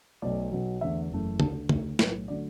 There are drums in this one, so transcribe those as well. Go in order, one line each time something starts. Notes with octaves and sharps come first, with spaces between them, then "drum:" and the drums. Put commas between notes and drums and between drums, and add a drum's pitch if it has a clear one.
B1 B2 A3 D5
B1 B2 F#3
E2 D3 A3 E5
F#1 F#2 E3 A3
D2 D3 A3 A5, drum: tom
D2 D3 A3, drum: tom
B1 A2 A3 B4, drum: snare
D3 F#3 A3 D5